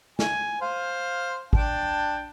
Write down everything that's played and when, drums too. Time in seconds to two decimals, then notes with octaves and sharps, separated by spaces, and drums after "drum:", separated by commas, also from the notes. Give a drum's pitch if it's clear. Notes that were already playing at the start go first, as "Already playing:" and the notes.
0.19 G#5, drum: snare
0.61 C5 F5
1.53 D4 G5 A5, drum: kick G#1